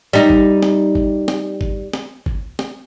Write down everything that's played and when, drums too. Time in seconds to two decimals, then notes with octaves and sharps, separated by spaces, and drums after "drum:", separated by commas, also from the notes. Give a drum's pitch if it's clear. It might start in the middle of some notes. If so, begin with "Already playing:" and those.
0.13 G3 D#4
0.30 drum: kick G1
0.63 drum: snare
0.95 drum: kick G1
1.28 drum: snare
1.61 drum: kick G1
1.93 drum: snare
2.26 drum: kick G1
2.59 drum: snare